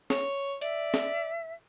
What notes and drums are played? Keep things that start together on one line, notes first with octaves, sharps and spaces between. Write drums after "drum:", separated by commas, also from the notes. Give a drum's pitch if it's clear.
C#5, drum: snare
D5 E5, drum: hi-hat
drum: snare